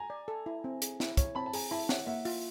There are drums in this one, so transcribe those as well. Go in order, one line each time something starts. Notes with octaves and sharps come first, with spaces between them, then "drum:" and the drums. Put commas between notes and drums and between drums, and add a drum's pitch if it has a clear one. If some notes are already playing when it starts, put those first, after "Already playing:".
Already playing: G#5 A#5
D5
A4
E4
C4
G#4, drum: hi-hat
E4, drum: snare
C#5, drum: kick, hi-hat
C4 A5 B5
A5
G#4 G#5 A#5, drum: open hi-hat
E4 A5 B5
C#5 E5 F#5, drum: snare
A#3 E5 F#5
F4, drum: open hi-hat